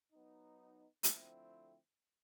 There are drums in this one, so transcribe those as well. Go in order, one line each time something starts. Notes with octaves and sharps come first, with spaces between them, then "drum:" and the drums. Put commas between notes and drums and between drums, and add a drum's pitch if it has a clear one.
F#3 B3 D#4
D3 F3 A3 C4 E4, drum: hi-hat